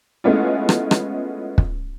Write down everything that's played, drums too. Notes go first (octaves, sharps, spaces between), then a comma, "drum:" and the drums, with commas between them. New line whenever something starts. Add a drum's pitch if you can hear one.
G#3 A3 B3 C#4 E4 F4
drum: rim click
drum: rim click
drum: kick